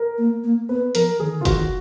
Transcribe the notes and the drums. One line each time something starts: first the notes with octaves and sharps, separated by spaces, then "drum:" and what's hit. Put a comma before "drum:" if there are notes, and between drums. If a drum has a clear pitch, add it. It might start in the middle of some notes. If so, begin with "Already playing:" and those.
Already playing: A#4
A#3
A#3
B3 B4
F3 A#4, drum: hi-hat
D#3 G#4
D3 F4
D#3 F#4, drum: kick, hi-hat